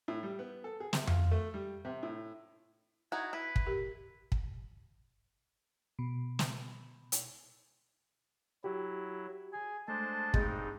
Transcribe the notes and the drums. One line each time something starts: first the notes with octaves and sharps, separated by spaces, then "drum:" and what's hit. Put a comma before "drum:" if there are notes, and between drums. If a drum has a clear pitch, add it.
A2
G3
B3
A4
G#4
C3, drum: snare
F4, drum: tom F2
A3
G3
C3
A2
D#4 E4 F#4 G#5 A#5
E4 B4
drum: kick
G4 A#4
drum: kick
B2
drum: snare
drum: hi-hat
F#3 E4 F#4 G4
G#4 G#5
G#3 A3 D4 C5 A5
G2 G#3 C4 D#4, drum: kick